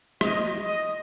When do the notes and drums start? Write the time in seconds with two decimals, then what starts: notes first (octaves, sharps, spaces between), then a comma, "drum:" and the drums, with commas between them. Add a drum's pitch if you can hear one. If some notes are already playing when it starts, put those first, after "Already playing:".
0.21 D#5, drum: rim click
0.62 D#5